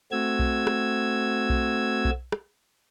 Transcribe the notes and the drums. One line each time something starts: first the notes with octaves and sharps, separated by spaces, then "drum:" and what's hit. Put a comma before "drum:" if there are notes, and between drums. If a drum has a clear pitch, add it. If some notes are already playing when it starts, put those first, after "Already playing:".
A3 C4 F#4 E6 G#6
drum: kick B1
drum: rim click
drum: kick B1
drum: kick B1
drum: rim click